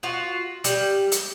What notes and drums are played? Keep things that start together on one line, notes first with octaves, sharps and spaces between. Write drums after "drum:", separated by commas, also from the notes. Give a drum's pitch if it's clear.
F4 F#4
G3, drum: hi-hat
drum: hi-hat